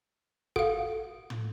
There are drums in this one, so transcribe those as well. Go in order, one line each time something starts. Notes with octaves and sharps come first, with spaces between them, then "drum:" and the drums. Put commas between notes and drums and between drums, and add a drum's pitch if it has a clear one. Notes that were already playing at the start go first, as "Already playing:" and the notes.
A4 F5 F#5, drum: kick G#1
drum: tom